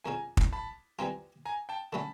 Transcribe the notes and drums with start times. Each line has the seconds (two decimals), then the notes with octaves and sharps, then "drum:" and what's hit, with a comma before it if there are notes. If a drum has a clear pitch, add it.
0.04 F2 C#3 F3 G#5 A#5
0.37 drum: kick
0.53 A5 B5
0.99 E3 G3 C4 F4 G#5 A#5
1.45 G#5 A#5
1.69 G5 A5
1.92 D3 F#3 A3 C#4 A5 B5